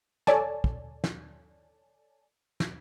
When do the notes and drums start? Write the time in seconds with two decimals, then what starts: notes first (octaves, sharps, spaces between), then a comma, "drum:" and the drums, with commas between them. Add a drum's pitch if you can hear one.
0.27 A4 C#5 D5 G#5 A5, drum: snare
0.64 drum: kick
1.04 drum: snare
2.60 drum: snare